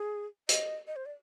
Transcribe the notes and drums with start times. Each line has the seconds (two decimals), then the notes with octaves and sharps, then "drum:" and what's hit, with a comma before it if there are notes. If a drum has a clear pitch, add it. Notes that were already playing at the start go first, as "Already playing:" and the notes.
Already playing: G#4
0.49 D#5, drum: hi-hat
0.87 D#5
0.96 C5
1.06 D5